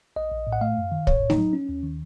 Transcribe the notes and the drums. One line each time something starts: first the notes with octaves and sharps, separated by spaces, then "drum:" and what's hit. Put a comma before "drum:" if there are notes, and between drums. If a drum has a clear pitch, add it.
A#1 D#5
A#1
A2
F#5
A3 F5
F#2
D#3
A2 C#5, drum: kick
A2
D#4, drum: snare A3
F#3
C#4
D#2
D#3